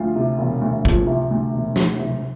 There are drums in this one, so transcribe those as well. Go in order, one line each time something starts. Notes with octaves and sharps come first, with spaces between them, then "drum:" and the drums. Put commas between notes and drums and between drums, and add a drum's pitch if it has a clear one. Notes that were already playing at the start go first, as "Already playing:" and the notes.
Already playing: D2 F3 F4
C3
E1
D2
F3, drum: kick
C3
D2
E1
D2 F#4, drum: snare
C3